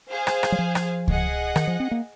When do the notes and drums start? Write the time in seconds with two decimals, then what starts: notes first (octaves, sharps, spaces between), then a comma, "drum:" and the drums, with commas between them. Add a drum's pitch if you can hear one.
0.10 G#4 C5 F5 G#5
0.27 drum: rim click
0.43 drum: rim click
0.52 F#3
0.59 F3
0.75 drum: rim click
1.08 G#4 D#5 F#5, drum: kick C#2
1.56 D#3, drum: rim click
1.67 F3
1.80 C4
1.91 A#3